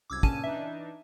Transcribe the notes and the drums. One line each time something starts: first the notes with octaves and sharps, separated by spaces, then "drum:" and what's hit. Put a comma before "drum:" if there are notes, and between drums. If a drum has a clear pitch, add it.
C2 F#2 D6 E6 G#6
G2 A#2 C#3 C#4 A5 D#7, drum: kick
E3 D4 D#4 E5